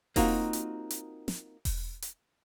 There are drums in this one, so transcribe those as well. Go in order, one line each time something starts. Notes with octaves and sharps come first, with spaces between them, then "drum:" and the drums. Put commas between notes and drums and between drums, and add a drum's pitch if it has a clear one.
A#3 C4 D#4 F4 F#4, drum: kick E1, open hi-hat
drum: hi-hat
drum: hi-hat
drum: snare
drum: kick E1, open hi-hat
drum: hi-hat